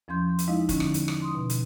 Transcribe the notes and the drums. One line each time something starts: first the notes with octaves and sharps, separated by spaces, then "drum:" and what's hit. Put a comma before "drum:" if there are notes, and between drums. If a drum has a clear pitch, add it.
E2 F3 C#4 C6 G6
C6
drum: hi-hat
G#3 D#4 E4 D#5 F5
D3 C#4, drum: kick, hi-hat
drum: rim click
drum: hi-hat
drum: rim click
C6 D#6
B2
drum: hi-hat